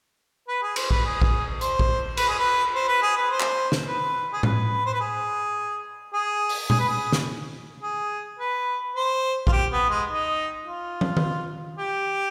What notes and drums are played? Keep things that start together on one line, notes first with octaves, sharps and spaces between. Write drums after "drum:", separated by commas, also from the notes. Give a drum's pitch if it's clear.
B4
G#4
C5, drum: cymbal
B4, drum: kick
G#4
drum: kick
C5, drum: hi-hat
drum: kick
B4, drum: cymbal
G#4
B4
C5
B4
G#4
B4
C5
drum: clap
drum: snare
B4
G#4
B4, drum: tom A2
C5
B4
G#4
G#4
drum: open hi-hat
G#4, drum: tom A#2
B4
G#4
drum: snare
G#4
B4
C5
F4, drum: kick
G4
B3
G#3
D#4
F4
drum: tom
drum: tom D#3
G4